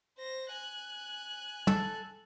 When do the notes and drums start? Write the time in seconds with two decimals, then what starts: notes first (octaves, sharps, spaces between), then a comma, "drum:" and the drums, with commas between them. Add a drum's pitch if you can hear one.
0.18 C5 A#6
0.51 G#5 F#6
1.67 A4, drum: tom